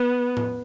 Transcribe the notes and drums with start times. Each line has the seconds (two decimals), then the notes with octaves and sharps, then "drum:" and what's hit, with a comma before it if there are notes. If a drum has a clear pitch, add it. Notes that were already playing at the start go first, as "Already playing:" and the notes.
Already playing: B3
0.37 drum: tom A2